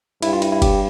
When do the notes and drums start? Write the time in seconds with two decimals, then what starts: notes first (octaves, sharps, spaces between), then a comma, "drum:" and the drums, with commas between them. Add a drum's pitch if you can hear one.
0.22 G2 E4, drum: cymbal
0.33 F4
0.42 E4, drum: cymbal
0.52 E4
0.62 G4, drum: kick F#1, cymbal